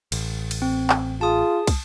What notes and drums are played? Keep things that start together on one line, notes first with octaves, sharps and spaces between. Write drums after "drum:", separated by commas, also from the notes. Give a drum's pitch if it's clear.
A1, drum: cymbal
drum: cymbal
C4
drum: clap
F4 G#4 A5 D#6
drum: kick, cymbal